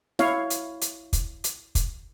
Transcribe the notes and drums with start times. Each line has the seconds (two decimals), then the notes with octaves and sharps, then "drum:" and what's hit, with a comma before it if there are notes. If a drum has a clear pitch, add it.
0.19 E4 C#5 F5, drum: snare
0.50 drum: hi-hat
0.81 drum: hi-hat
1.13 drum: kick, hi-hat
1.44 drum: hi-hat
1.75 drum: kick, hi-hat